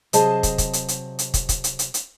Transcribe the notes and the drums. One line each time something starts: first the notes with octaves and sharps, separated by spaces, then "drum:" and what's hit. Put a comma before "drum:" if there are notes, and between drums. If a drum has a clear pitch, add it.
C3 F#3 G#4 C5 D#5 A5, drum: hi-hat
drum: kick, hi-hat
drum: kick, hi-hat
drum: hi-hat
drum: hi-hat
drum: hi-hat
drum: kick, hi-hat
drum: kick, hi-hat
drum: hi-hat
drum: hi-hat
drum: hi-hat